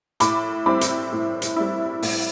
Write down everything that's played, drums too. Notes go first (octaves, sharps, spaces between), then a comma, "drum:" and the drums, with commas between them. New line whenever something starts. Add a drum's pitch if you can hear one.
A2 B5 D6, drum: hi-hat
G3 C4 E4 B5 D6
drum: hi-hat
A2
drum: hi-hat
G3 C4 E4
A2, drum: open hi-hat